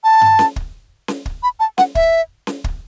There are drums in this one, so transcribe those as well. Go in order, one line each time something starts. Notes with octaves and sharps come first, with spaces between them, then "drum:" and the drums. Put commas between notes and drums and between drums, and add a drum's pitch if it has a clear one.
A5
drum: tom G2
drum: snare C#4
drum: kick
drum: snare C#4
drum: kick
B5
A5
F#5, drum: snare C#4
E5, drum: kick
drum: snare C#4
drum: kick